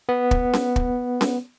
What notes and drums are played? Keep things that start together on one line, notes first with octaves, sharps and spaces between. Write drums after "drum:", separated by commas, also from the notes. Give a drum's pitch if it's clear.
B3
drum: kick
drum: snare C#4
drum: kick
drum: snare C#4